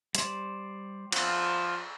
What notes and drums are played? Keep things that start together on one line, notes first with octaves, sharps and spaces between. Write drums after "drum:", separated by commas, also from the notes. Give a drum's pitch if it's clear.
G3 C5 D5, drum: hi-hat
F3 F#5, drum: cymbal